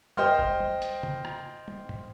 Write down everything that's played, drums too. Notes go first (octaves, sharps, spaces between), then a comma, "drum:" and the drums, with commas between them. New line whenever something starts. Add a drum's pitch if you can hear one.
C5 D#5 G5 C6 F6, drum: tom
drum: kick F#1
drum: tom
drum: hi-hat
drum: tom
drum: rim click
drum: tom
drum: tom